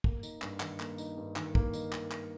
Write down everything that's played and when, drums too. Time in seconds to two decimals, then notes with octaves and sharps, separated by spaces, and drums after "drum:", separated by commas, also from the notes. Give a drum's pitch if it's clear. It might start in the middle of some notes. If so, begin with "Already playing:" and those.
0.04 A#3, drum: kick
0.23 D#4, drum: tambourine
0.42 G2, drum: clap
0.60 D#3, drum: clap
0.80 A#3, drum: clap
0.98 D#4, drum: tambourine
1.17 G2
1.36 D#3, drum: clap
1.55 A#3, drum: kick
1.73 D#4, drum: tambourine
1.92 drum: clap
2.11 drum: clap